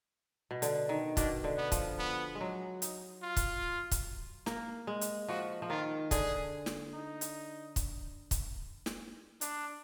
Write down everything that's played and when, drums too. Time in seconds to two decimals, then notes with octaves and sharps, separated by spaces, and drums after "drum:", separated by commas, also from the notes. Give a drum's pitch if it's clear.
0.51 B2
0.62 D3, drum: hi-hat
0.89 D#3
1.17 B2 D4, drum: kick, hi-hat
1.44 D3
1.58 B3
1.72 F3, drum: kick, hi-hat
1.99 B3
2.35 G#3
2.41 F#3
2.82 D#4, drum: hi-hat
3.23 F4
3.37 drum: kick, hi-hat
3.91 drum: kick, hi-hat
4.46 A#3, drum: snare
4.87 G#3
5.01 drum: hi-hat
5.29 F3 F#4
5.62 F3
5.70 D#3 F4
6.11 D3 G#4, drum: kick, hi-hat
6.66 drum: snare
6.94 D#4
7.21 drum: hi-hat
7.76 drum: kick, hi-hat
8.31 drum: kick, hi-hat
8.86 drum: snare
9.41 D4, drum: hi-hat